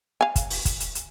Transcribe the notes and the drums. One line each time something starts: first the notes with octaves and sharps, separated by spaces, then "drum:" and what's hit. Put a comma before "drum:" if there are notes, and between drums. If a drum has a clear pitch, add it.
F5 G#5
drum: kick, hi-hat
drum: open hi-hat
drum: kick, hi-hat
drum: hi-hat
drum: hi-hat